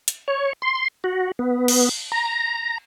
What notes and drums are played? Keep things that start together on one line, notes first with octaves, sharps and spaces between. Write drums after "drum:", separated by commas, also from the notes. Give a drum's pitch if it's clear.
drum: hi-hat
C#5
C6
F#4
B3
drum: cymbal
A#5